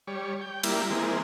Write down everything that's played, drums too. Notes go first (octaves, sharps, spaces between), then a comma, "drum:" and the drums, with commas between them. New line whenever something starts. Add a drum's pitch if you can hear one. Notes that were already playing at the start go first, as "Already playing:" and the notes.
G3 C#5
G5
G3 A#3 E4, drum: cymbal
E3 G#3 A#3 C4